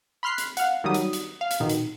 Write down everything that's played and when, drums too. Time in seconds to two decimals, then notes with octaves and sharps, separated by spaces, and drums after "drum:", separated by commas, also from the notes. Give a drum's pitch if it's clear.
0.23 B5 C6 F6 F#6 C7
0.38 drum: hi-hat
0.57 F5 F#5, drum: hi-hat
0.84 D#3 F#3 G3 D#6
0.94 drum: hi-hat
1.13 drum: hi-hat
1.41 F5
1.51 drum: hi-hat
1.60 A#1 B2 D#3
1.69 drum: hi-hat